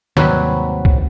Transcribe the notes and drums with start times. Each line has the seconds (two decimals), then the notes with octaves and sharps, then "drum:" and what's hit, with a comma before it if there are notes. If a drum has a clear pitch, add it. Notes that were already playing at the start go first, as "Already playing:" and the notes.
0.17 D#2 G#2 C3 F#3 G3 B4, drum: snare
0.85 drum: kick C2